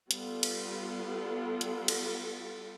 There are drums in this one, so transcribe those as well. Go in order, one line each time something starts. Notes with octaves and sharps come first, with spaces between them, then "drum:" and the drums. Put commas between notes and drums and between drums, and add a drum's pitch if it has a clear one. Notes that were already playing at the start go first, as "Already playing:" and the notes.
G3 B3 F4 A4, drum: hi-hat
drum: cymbal
drum: hi-hat
drum: cymbal